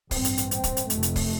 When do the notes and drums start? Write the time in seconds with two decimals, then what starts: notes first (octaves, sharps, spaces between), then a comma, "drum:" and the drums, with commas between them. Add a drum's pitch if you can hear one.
0.11 A1 G2 C4, drum: kick, open hi-hat
0.25 drum: hi-hat
0.38 drum: hi-hat
0.51 C4, drum: hi-hat
0.64 drum: kick, hi-hat
0.77 drum: hi-hat
0.90 F1 F2 C3 A3, drum: hi-hat
1.03 drum: hi-hat
1.16 drum: kick, open hi-hat